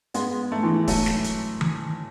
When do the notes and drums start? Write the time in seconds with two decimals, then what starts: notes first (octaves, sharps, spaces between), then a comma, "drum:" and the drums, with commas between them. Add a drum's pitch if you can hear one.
0.14 G#3 B3, drum: hi-hat
0.52 A3
0.63 E3 G#3
0.88 F#3 A3, drum: kick, open hi-hat
1.06 drum: snare
1.24 drum: hi-hat
1.61 drum: tom D#3